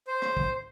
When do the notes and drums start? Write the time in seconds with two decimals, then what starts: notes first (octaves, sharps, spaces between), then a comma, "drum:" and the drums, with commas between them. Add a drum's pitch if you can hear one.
0.08 C5
0.22 drum: rim click
0.37 drum: kick